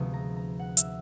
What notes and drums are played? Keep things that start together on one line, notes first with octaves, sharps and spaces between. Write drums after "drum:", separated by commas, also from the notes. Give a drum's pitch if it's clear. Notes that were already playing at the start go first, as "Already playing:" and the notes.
Already playing: D2 C3 F3 G#3 B3
A#5
A#5
F#5
E5, drum: hi-hat